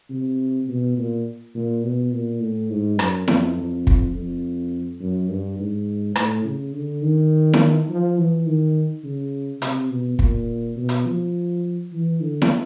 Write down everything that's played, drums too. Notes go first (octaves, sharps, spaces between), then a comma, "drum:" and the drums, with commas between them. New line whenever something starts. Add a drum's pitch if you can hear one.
C3
B2
A#2
A#2
B2
A#2
A2
G#2
F#2, drum: rim click
F2, drum: snare E4
F2
drum: kick
F2
F#2
G2
G#2
A2, drum: rim click
C#3
D3
D#3
drum: snare E4
F3
E3
D#3
C#3
C3, drum: hi-hat
B2
A#2, drum: kick
B2
drum: hi-hat
F3
E3
D3
drum: snare E4